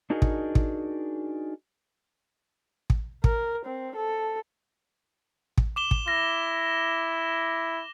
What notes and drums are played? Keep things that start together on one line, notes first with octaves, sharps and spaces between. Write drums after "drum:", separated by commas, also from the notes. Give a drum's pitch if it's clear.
D4 D#4 F#4 G#4 A#4 D#5
drum: kick
drum: kick
drum: kick
A#4, drum: kick
C4
A4
drum: kick
D6 E7 G7
drum: kick
E4 A#6